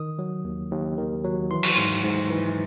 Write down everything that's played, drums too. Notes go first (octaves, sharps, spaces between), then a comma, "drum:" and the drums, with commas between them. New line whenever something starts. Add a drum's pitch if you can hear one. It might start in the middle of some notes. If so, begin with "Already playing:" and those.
Already playing: D#3 D#6
F#3
D#2
D#2
D#3
F#3
E3 C6
C#6, drum: cymbal
G#2 C6
G#2
E3